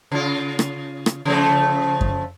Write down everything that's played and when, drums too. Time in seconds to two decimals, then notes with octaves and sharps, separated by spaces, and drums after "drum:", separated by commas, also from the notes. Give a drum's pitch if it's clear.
0.11 C#3 F4
0.59 drum: rim click
1.06 drum: rim click
1.25 C#3 F3 A3
2.01 drum: kick F#2